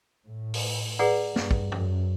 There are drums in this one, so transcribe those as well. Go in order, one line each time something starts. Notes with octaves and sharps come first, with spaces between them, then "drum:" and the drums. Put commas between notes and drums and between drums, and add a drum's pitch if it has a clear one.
A2
drum: open hi-hat
G#4 B4 D5 F#5 A#5
G2, drum: snare
drum: kick
F#2, drum: tom